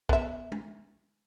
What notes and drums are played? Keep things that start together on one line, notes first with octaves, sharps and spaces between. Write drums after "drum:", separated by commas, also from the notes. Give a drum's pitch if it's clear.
B3 E5, drum: kick
drum: tom